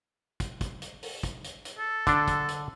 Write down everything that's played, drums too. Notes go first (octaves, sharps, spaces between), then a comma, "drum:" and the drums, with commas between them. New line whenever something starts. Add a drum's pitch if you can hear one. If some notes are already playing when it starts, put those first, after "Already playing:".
drum: kick, hi-hat
drum: kick, hi-hat
drum: hi-hat
drum: open hi-hat
drum: kick, hi-hat
drum: hi-hat
drum: hi-hat
A4
D3 D4, drum: kick, hi-hat
drum: kick, hi-hat
drum: hi-hat